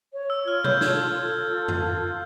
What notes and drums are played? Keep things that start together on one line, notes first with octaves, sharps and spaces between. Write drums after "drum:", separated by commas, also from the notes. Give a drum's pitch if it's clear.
C#5
E6
F4 F6
G6, drum: tom B2
A4 G#6, drum: snare
A4
F4
drum: tom F2
F4